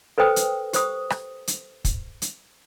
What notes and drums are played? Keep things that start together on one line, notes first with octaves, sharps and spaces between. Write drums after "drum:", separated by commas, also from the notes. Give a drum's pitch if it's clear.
A4 B4 C5 G5 D#6
drum: hi-hat
G4 C5 D#6, drum: hi-hat
drum: rim click
drum: hi-hat
drum: kick, hi-hat
drum: hi-hat